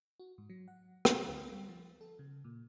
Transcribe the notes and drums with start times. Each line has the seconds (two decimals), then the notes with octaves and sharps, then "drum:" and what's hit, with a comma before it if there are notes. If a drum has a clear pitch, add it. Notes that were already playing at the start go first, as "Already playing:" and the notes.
0.20 F#4
0.38 G#2
0.50 F#3
0.68 F#5
1.05 B5, drum: rim click
1.28 D2
1.52 G3
1.69 F3
2.01 A4
2.19 C#3
2.45 A#2